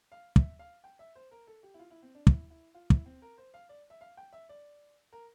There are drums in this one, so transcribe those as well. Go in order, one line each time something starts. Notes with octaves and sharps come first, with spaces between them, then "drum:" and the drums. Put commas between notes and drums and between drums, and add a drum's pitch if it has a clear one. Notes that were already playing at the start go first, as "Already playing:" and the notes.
F5
E5, drum: kick
F5
G5
E5
C5
A#4
A4
G4
E4
F4
E4
C4
D4
E4, drum: kick
E4
F4
E4, drum: kick
C4
A#4
C5
F5
D5
E5
F5
G5
E5
D5
A#4